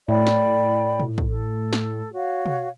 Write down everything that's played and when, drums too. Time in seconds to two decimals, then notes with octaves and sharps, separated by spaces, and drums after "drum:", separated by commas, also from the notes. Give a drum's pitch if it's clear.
0.08 A2 D5 G5 B5
0.27 drum: snare
1.00 drum: tom
1.18 drum: kick
1.29 A4
1.73 drum: snare
2.13 F#4 C#5 F5
2.46 drum: tom